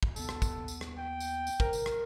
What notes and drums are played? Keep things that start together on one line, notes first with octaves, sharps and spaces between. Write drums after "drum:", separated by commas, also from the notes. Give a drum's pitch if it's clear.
drum: kick
D#2 B3 A4, drum: tambourine
drum: rim click
drum: kick, tambourine
drum: tambourine
drum: rim click
G5
drum: tambourine
drum: tambourine
A#4, drum: kick
drum: tambourine
drum: rim click